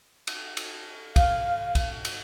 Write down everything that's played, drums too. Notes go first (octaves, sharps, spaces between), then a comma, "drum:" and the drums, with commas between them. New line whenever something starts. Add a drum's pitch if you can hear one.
drum: cymbal
drum: cymbal
F5, drum: kick, cymbal
drum: kick, cymbal
drum: cymbal